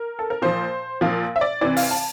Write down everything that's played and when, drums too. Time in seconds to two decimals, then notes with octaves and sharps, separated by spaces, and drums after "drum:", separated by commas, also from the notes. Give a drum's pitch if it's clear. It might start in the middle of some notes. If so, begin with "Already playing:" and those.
Already playing: A#4
0.19 A4
0.30 A#4
0.42 A#2 F3 C5
1.01 A#2 F3 F5
1.36 E5
1.41 D5
1.61 C3 E3 D5
1.77 F5, drum: open hi-hat
1.91 A5